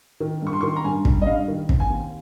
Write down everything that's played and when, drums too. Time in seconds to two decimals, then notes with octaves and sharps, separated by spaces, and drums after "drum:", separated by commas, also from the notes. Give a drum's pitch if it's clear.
0.20 D#3
0.42 G2 C#6
0.53 C6
0.61 D#3 C#6
0.68 C6
0.76 A#5
0.84 G2 G#5
1.05 G3, drum: kick
1.22 D#5
1.26 G2 F5
1.48 D#3
1.69 C4, drum: kick
1.80 G#5
1.90 D#2